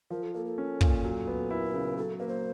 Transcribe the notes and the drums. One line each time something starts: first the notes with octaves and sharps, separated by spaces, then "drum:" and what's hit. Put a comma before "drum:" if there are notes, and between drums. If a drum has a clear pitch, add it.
F3 A#4
A4
A#3 A4
A4
C#4
A#2, drum: kick
F#3
B3
E4 A#4
C#3
F#3 A4
A#3 B4
C5